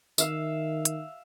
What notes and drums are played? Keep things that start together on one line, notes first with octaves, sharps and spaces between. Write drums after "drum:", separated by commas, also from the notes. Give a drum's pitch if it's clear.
D#3 E5 F5, drum: tambourine
drum: hi-hat